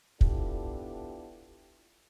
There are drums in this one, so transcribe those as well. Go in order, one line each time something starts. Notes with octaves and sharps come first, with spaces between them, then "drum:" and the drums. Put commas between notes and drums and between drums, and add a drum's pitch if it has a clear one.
B3 D4 E4 F4 G4 A4, drum: kick